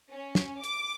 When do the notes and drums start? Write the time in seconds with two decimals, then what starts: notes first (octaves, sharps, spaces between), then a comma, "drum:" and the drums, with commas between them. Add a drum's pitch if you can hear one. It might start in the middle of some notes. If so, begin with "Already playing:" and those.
0.13 C#4
0.35 drum: snare
0.64 D6, drum: hi-hat